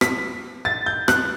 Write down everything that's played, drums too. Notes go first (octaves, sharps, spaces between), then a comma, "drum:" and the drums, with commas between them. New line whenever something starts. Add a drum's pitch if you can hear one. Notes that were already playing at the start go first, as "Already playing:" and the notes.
B6, drum: rim click
A6
G6
F#6, drum: rim click